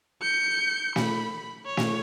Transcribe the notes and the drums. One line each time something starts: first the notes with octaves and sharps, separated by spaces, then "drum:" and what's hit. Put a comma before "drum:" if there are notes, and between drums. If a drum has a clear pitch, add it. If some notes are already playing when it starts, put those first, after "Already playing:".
G6 C#7
B5, drum: snare
C#5
drum: snare